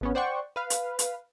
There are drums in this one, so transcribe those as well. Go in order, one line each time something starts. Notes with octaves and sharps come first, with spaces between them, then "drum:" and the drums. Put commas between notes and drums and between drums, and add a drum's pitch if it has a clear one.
G#1 B3 C#4
C5 D5 F#5 G5 C#6
B4 F5
drum: hi-hat
drum: hi-hat